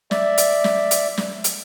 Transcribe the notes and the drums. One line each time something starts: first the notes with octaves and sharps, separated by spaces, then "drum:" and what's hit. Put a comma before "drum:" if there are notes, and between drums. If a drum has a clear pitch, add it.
D5 E5, drum: snare
drum: hi-hat
drum: snare
drum: hi-hat
drum: snare
drum: hi-hat